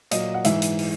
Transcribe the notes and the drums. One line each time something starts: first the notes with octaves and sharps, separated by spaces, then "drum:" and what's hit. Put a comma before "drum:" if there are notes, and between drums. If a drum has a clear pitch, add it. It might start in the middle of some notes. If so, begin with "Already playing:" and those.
A#2 F#3 D#5, drum: hi-hat
F#5
G#2 E3 E5, drum: hi-hat
drum: hi-hat
drum: open hi-hat